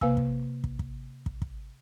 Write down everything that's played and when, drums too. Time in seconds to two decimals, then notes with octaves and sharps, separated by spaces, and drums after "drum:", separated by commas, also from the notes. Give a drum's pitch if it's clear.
0.01 C3 A#3 B4 F5 G#5 E6, drum: kick
0.17 drum: kick
0.64 drum: kick
0.79 drum: kick
1.26 drum: kick
1.42 drum: kick